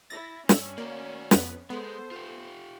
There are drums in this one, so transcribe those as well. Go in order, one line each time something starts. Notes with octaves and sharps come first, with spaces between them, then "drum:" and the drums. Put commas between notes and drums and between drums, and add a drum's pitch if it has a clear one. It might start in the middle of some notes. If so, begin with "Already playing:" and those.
E4 A6 A#6
G2 C#4 E6, drum: snare
A#3 F#4 D5
F2 B3 B4, drum: snare
G#3 B3 A4 C5
F4 G4